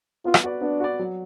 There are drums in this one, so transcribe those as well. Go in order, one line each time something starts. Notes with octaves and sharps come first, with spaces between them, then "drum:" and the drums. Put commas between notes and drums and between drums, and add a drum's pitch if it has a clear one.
B3 F4
drum: rim click
F#4 B4 D5
B3 D4
F#4 B4 D5
F#3